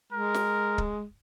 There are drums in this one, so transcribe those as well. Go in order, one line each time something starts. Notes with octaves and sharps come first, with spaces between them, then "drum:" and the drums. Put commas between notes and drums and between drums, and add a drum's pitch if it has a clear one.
G#3 A#4
drum: snare
drum: kick